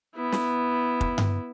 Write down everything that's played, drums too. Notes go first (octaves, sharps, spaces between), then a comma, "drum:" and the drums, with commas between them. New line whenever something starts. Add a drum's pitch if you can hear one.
B3 E4
drum: snare
drum: kick
drum: tom G2